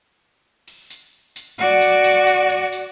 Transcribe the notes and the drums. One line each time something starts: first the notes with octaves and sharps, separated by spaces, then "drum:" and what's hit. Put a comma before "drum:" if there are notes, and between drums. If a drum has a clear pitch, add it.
drum: open hi-hat
drum: hi-hat
drum: hi-hat
F#4 D5, drum: open hi-hat
drum: hi-hat
drum: hi-hat
drum: hi-hat
drum: open hi-hat
drum: hi-hat